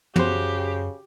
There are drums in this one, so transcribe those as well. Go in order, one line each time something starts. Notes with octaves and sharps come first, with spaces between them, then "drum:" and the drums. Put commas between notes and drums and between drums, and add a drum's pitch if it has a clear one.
F#2 C#3 F#4 G4 C5, drum: tom